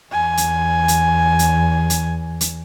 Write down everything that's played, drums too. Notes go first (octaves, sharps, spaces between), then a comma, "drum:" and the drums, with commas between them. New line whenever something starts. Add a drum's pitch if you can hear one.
E2 G#5
drum: hi-hat
drum: hi-hat
drum: hi-hat
drum: hi-hat
drum: hi-hat